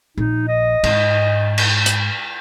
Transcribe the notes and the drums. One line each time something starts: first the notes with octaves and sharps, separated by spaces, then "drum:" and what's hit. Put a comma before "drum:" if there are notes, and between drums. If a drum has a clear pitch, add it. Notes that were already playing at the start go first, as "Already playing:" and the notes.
A#1 D#4
D#5
G#2, drum: cymbal
drum: cymbal
drum: hi-hat